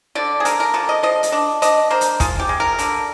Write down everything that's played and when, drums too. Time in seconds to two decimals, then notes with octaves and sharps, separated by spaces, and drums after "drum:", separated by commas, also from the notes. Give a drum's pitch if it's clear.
0.15 D3 D5
0.40 G#4
0.45 D3 A#4, drum: hi-hat
0.60 A#4
0.74 D3 F4
0.89 D#5
1.03 F3 D#5
1.23 drum: hi-hat
1.32 D4
1.62 D4 D#5, drum: hi-hat
1.90 A#3 C5
2.01 drum: hi-hat
2.20 G#3 F4, drum: kick, hi-hat
2.40 G4
2.49 G#3
2.60 A#4
2.79 D3, drum: hi-hat